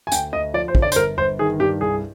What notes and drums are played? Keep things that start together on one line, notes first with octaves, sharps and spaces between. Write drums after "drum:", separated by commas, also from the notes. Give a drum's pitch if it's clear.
G#5
D2 G5, drum: hi-hat
D2 D#5
F3 D5
C5
D3, drum: kick
D5
C5, drum: hi-hat
G1 A#4
G1 C5
D#3 G#4
G2 G4
C2 G#4